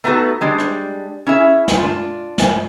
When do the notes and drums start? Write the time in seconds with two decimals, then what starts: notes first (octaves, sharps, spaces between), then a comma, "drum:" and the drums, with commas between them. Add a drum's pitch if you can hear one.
0.04 A3 B3 D#4 E4 F#4 A4
0.41 G3 G#3 D4
0.58 drum: rim click
1.27 C#4 E4 G#4 E5
1.68 drum: snare
1.79 D4 F4
2.38 drum: snare